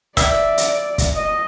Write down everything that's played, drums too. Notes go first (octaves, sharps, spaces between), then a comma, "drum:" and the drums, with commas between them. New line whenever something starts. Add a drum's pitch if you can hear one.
D5 E5, drum: kick, hi-hat
drum: hi-hat
drum: kick, hi-hat
D#5